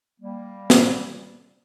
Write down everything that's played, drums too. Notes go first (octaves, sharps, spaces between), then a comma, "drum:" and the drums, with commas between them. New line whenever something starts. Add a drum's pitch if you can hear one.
G3 A#3
drum: snare